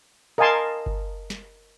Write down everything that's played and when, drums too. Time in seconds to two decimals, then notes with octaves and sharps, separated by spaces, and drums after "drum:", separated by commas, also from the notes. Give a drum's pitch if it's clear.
0.38 A#4 D#5 F5 G#5 A5 C6
0.86 drum: kick G1
1.30 drum: snare